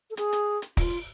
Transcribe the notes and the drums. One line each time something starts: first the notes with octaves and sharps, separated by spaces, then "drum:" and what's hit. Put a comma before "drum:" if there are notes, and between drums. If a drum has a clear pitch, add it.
A4
G#4, drum: hi-hat
drum: hi-hat
drum: hi-hat
F4, drum: kick, open hi-hat